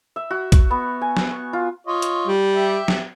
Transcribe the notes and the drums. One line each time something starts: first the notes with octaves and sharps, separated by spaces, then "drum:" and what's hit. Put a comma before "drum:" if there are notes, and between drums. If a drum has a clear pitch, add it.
E5
F#4
C#6, drum: kick, hi-hat
B3
G#5
drum: snare
C#6
F4
F4 C#5 D#5
drum: hi-hat
G3
G4 E5
drum: snare